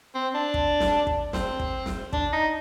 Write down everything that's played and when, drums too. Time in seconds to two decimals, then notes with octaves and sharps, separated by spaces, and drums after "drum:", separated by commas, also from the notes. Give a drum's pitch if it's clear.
0.15 C4
0.34 D4
0.54 drum: kick
0.80 drum: snare
1.07 drum: kick
1.33 C4, drum: snare
1.60 drum: kick
1.86 drum: snare
2.13 D4, drum: kick
2.33 D#4